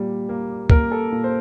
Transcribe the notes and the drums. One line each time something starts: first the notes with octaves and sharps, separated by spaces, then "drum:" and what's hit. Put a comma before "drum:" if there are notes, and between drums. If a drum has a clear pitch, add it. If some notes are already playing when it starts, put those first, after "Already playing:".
Already playing: A#2 G3
A#3
A#3 A#4, drum: kick
A4
A#2
C5